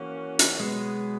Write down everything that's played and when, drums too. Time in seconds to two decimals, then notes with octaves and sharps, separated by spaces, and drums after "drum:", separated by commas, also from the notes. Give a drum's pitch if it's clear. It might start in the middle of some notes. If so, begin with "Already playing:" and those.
Already playing: E3 A#3 C#4 F#4
0.39 drum: hi-hat
0.59 B2 F#3 G#3 B3